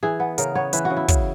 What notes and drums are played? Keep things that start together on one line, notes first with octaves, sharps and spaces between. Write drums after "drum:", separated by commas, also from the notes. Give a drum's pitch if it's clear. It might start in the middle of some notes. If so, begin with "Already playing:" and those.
E3 G#4
B3
C#3 A#4, drum: hi-hat
B3 C#5
E3 B4, drum: hi-hat
F#4
C#3
E4
C#3, drum: kick, hi-hat